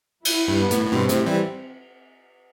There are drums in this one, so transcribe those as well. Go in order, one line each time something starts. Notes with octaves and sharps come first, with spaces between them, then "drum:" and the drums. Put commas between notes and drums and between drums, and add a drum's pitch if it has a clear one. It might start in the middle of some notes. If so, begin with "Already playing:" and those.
E4, drum: cymbal
G2
B3
A2, drum: hi-hat
A2
G2 B2 C4
A2 C3, drum: hi-hat
E3 G3